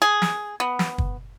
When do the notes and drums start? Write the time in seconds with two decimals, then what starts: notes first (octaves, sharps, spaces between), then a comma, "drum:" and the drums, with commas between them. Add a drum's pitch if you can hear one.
0.02 G#4
0.22 drum: snare
0.60 B3
0.79 drum: snare
0.98 drum: kick